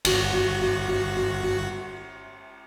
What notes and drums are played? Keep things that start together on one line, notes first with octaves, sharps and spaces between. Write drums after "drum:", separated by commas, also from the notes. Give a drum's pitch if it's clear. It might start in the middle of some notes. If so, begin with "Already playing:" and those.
G1 F#4, drum: cymbal